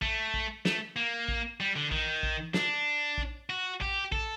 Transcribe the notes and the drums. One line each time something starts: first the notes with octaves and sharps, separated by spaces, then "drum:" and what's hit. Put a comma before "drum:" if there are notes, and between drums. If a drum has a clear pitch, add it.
A3, drum: kick
drum: kick
A3, drum: snare
A#3
drum: kick
G3
D3
D#3, drum: kick
drum: kick
D4, drum: snare
drum: kick
F#4
G4, drum: kick
A4, drum: kick